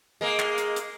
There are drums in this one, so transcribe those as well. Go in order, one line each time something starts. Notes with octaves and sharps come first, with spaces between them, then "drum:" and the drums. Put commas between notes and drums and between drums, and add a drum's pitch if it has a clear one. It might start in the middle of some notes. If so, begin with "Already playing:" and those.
G#3 A#3
drum: clap
drum: hi-hat
drum: hi-hat